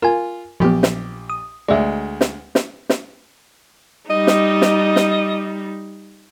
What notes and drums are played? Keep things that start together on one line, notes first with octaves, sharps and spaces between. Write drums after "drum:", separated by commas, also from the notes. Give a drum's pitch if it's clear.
F4 A#4 G#5
A#1 F3 F#3 B3 G4
drum: snare
D#6
D2 G#3 D5 E5
drum: snare
drum: snare
drum: snare
G3 D#4 D#5
drum: snare
drum: snare
drum: snare